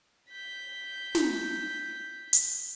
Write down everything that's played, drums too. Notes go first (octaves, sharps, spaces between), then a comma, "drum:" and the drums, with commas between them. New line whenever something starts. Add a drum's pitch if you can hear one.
G6 B6
drum: snare
drum: hi-hat